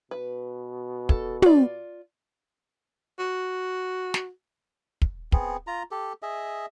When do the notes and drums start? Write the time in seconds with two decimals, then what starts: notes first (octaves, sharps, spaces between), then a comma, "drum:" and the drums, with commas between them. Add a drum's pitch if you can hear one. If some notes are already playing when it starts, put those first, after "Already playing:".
0.11 B2 B4
1.09 A4, drum: kick
1.42 F4 D5, drum: tom
3.19 F#4
4.14 drum: snare
5.02 drum: kick
5.32 B3 C4 G#4, drum: kick
5.67 F4 A#5
5.91 G4 A4
6.22 G#4 D#5 E5